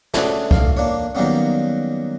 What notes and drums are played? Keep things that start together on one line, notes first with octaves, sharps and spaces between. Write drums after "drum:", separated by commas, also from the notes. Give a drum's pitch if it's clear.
A3 C#4 D4 F#4 G#4, drum: snare
A1 F5, drum: kick C2
A#3 D4 C#5
D#3 F#3 G3 A#3 B3 C#4